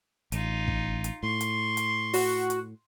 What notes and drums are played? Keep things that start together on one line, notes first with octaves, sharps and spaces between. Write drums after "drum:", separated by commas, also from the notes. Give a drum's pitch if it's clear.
A1 D#4 F4, drum: hi-hat
drum: kick
drum: hi-hat
A2 C6 C#6
drum: hi-hat
drum: hi-hat
F#4, drum: open hi-hat
drum: hi-hat